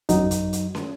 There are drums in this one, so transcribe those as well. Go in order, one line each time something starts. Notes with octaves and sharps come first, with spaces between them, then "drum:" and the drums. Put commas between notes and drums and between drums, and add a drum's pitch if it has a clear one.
F#2 F#3 D#4, drum: kick, hi-hat
drum: kick, hi-hat
drum: hi-hat
drum: snare